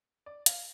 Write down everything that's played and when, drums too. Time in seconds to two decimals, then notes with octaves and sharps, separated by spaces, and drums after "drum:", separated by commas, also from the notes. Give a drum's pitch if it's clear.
0.26 D5
0.46 F5, drum: hi-hat